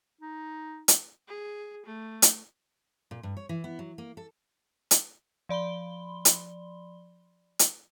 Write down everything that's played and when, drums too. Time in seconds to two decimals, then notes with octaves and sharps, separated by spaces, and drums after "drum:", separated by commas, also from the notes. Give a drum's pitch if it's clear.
0.21 D#4
0.88 drum: hi-hat
1.28 G#4
1.86 A3
2.22 drum: hi-hat
3.11 A#2
3.23 G2
3.37 C#5
3.49 E3
3.64 B3
3.79 F#3
3.98 A#3
4.17 A4
4.91 drum: hi-hat
5.49 F3 D5 B5 C6 G7
6.25 drum: hi-hat
7.59 drum: hi-hat